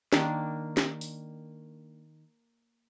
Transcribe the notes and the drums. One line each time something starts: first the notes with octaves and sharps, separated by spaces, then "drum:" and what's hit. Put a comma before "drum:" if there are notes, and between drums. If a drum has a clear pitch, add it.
D#3 A#3 D4, drum: snare
drum: snare
drum: open hi-hat